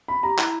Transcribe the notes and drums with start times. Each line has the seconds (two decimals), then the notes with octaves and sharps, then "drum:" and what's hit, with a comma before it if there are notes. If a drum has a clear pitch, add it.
0.08 B5
0.23 G4 A#5
0.38 E4, drum: clap